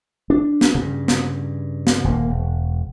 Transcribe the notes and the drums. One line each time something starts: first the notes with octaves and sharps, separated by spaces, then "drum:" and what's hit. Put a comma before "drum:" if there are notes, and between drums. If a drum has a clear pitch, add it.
D4
drum: snare
G2 C#3
drum: snare
drum: snare
D#1 A#3
E1